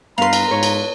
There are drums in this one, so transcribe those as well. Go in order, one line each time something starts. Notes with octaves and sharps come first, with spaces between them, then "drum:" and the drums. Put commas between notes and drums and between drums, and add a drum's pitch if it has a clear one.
G2 B3 B4 F5 A#5 C6
drum: cymbal
G#2 B4 C#5
drum: cymbal